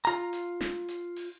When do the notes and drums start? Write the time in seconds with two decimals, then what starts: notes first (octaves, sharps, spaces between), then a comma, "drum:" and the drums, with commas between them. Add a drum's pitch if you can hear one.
0.05 F4 A#5, drum: hi-hat
0.33 drum: hi-hat
0.61 drum: snare
0.88 drum: hi-hat
1.16 drum: open hi-hat